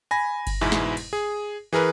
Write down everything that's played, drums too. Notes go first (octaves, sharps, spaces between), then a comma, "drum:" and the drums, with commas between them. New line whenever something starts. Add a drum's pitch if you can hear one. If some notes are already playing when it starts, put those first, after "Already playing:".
G#5 B5 A#6
drum: kick G1, cymbal
E2 G#2 B2 G#3 E4
drum: snare
drum: cymbal
G#4
E3 G#4 A#4 B4